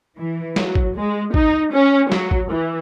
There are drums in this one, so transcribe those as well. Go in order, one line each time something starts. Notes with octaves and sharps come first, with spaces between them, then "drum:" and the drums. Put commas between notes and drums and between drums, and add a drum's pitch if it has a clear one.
E3
F#3, drum: snare
drum: kick
G#3
D#4, drum: kick
C#4
F#3, drum: snare
drum: kick
E3